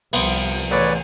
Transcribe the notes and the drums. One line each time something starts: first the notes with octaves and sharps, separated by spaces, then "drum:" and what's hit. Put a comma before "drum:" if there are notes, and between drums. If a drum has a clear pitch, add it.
C2 F3 B3 C4, drum: cymbal
A1 G#4 B4 C#5 D5